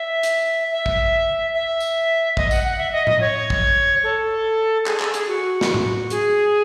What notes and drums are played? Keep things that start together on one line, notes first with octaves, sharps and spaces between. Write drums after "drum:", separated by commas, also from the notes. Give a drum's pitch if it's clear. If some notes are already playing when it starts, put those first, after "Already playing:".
Already playing: E5
drum: hi-hat
E5
drum: kick
E5
drum: tambourine
D#5, drum: kick
F#5, drum: tambourine
F#5
E5
D#5
D#5, drum: tom A2
C#5
drum: kick
A4
G#4, drum: clap
A4, drum: clap
G#4, drum: hi-hat
F#4
drum: snare
drum: tom A2
G#4, drum: hi-hat